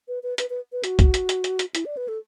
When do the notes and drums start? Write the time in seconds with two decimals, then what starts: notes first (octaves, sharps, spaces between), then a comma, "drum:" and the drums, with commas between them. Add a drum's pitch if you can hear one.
0.08 B4
0.23 B4
0.38 B4, drum: hi-hat
0.50 B4
0.72 B4
0.84 F#4, drum: hi-hat
0.99 drum: kick, hi-hat
1.14 drum: hi-hat
1.29 drum: hi-hat
1.44 drum: hi-hat
1.59 drum: hi-hat
1.75 E4, drum: hi-hat
1.85 D5
1.97 B4
2.08 A4